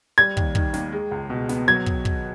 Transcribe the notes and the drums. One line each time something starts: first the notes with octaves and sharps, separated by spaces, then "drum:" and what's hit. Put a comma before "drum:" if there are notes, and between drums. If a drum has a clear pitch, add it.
G3 G#6
D#2, drum: kick
D#3, drum: kick
D#2, drum: snare
G#3
C#2
B2
B3, drum: snare
F#3 G#6
drum: kick
drum: kick